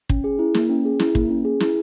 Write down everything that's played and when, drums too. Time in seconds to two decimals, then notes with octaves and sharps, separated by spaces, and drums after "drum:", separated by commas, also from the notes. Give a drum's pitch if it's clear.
0.09 C#4, drum: kick
0.24 G#4
0.39 E4
0.54 A#3, drum: snare
0.69 C#4
0.85 G#4
0.99 E4, drum: snare
1.15 A#3, drum: kick
1.29 C#4
1.45 G#4
1.60 E4, drum: snare